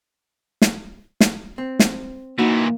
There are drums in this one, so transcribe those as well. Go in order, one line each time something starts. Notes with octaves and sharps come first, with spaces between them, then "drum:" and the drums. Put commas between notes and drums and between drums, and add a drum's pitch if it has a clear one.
drum: snare
drum: snare
C4
drum: snare
A#2 E3 A#3 D#4 F#4